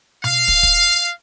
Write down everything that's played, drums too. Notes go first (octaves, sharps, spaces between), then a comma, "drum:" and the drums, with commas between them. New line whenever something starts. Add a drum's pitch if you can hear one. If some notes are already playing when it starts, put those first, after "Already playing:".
F5, drum: tom B2
drum: kick
drum: kick